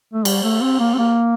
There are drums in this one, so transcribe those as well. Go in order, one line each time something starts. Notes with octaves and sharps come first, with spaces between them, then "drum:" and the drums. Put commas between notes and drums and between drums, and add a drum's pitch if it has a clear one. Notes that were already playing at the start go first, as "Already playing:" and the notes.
A3
G3, drum: cymbal
A3
C4
A#3
C4
A#3